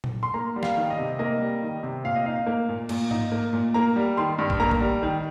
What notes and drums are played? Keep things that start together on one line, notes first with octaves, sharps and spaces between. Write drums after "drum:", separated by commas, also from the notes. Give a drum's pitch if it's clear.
drum: tom A#2
C6
A#3 A#5
G3
F5, drum: snare
D#3
D#5
C3
A#3 D#5
G3
D#3
C3
A#2 F5
D#5
D#4 F5
A#3
A#2
A#2, drum: cymbal
D#4, drum: tom G#2
A#3
A#2
A#3 A#5
G3
D#3 C6
G2
drum: kick
A#3 A#5
drum: kick
G3
D#3